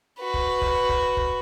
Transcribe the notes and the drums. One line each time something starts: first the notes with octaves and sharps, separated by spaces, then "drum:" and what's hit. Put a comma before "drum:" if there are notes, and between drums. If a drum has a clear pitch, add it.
F#4 B4
drum: kick
drum: kick
drum: kick
drum: kick